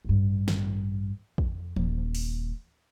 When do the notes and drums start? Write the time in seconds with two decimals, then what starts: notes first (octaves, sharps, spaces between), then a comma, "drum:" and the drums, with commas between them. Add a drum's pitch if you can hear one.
0.05 A1 G2
0.48 drum: snare
1.38 F2, drum: kick
1.76 D#1, drum: tom E3
2.15 drum: open hi-hat